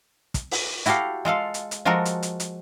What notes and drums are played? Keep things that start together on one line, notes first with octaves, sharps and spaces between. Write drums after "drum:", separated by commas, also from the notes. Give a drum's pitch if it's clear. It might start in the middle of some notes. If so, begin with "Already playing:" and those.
drum: kick, hi-hat
drum: open hi-hat
E4 F#4 G4 A4 F5, drum: hi-hat
G#3 F4 A4 F5
drum: hi-hat
drum: hi-hat
F3 G#3 F#4 A4 A#4
drum: hi-hat
drum: hi-hat
drum: hi-hat